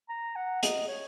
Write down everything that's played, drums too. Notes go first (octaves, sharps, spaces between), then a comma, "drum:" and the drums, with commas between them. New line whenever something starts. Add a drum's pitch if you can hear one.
A#5
F#5
D#5, drum: hi-hat
C#5